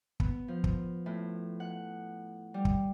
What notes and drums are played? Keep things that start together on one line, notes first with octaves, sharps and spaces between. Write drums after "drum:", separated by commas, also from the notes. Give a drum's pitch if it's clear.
B3, drum: kick
F3
drum: kick
A2
F#5
G3
drum: kick